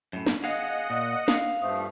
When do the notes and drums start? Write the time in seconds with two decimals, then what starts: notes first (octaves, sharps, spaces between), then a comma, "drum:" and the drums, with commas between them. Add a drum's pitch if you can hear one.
0.13 F#2 A2
0.27 drum: snare
0.44 G#4 D#5 F5 F#5
0.90 A#2 D#6
1.28 F5, drum: snare
1.61 G2 F3 A3 D#6